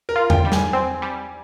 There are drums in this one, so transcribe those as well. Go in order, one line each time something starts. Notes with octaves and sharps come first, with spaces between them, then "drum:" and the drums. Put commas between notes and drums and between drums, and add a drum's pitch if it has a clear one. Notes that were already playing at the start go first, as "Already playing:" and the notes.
A#4
F4
G5, drum: tom E2
G3
G#5, drum: snare
C4
G3